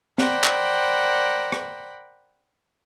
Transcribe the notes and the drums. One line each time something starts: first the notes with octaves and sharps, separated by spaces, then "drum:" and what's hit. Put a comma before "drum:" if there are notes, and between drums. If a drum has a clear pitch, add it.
A#4 C5 D5 F#5 G5 B5, drum: snare
drum: clap
drum: rim click